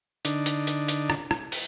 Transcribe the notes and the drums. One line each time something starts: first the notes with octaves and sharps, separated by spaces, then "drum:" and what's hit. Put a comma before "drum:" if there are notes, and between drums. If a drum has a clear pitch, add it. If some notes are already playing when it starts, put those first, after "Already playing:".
D3 D4 D#4, drum: hi-hat
drum: hi-hat
drum: hi-hat
drum: hi-hat
drum: rim click
drum: rim click
drum: open hi-hat